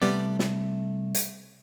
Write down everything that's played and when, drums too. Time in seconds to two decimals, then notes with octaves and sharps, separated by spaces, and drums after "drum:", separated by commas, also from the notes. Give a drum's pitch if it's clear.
0.02 C2 G3 A3 B3 D5
0.39 drum: snare
1.15 drum: hi-hat